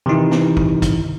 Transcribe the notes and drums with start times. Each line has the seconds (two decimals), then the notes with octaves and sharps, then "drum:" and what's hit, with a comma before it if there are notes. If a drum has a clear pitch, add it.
0.06 C3 D#3 E3 D#4 E4
0.31 drum: snare
0.57 drum: kick
0.82 drum: kick, hi-hat